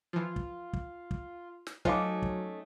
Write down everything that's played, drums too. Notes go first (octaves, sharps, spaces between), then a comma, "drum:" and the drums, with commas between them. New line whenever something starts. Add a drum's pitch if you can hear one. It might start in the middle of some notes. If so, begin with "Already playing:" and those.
E3 F3 F4
drum: kick
drum: kick
drum: kick
drum: snare
F#3 A3 C#4 D#4 F4 C5 F5 D6, drum: kick
drum: kick